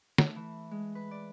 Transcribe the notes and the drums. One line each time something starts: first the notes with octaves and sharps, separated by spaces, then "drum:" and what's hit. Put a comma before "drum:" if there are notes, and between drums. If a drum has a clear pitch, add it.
A3, drum: snare
E3
G#3
B4
D5